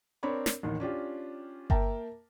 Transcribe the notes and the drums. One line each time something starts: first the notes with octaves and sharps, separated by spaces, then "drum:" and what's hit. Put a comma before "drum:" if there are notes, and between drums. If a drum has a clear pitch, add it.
C4 D4 A#4 C#5 B5
drum: snare
A1 D#2 D#3
C#4 D4 F4 G4
A#3 A#4 E5 G5 A5 A#5, drum: kick G1